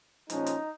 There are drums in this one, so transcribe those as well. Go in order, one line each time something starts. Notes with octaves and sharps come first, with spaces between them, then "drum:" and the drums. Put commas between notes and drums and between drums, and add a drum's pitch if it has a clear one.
A#2 F3 G#3 C#4 D#4, drum: hi-hat
drum: hi-hat